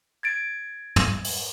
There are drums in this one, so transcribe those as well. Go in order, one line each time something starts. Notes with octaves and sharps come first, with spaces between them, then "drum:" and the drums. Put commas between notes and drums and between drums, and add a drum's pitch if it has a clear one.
G#6 A6 D7
drum: tom
drum: open hi-hat